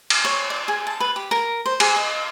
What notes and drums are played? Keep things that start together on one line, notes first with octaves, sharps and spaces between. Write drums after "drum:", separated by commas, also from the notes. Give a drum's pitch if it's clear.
drum: cymbal
C#5
D5
G#4
A5
B4
G4
A#4
C5
G#4, drum: cymbal
D#5